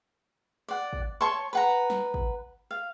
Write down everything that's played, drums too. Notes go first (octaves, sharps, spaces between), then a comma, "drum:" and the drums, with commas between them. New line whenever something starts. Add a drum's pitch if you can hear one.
D5 F#5
drum: kick
C#5 A5 C6 C#6
B4 F#5 A#5
drum: snare
drum: kick
F5